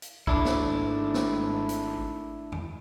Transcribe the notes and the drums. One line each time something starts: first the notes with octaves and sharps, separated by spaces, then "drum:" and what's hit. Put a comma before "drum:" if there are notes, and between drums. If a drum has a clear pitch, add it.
drum: hi-hat
G#1 A3 D4 E4, drum: kick
drum: snare
drum: snare
drum: hi-hat
drum: tom E2